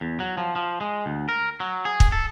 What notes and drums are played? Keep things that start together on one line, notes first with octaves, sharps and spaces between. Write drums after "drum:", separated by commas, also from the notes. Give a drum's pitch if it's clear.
E2
F#3
F3
F3
G#3
D2
A#4
F#3
G#4
drum: kick
A4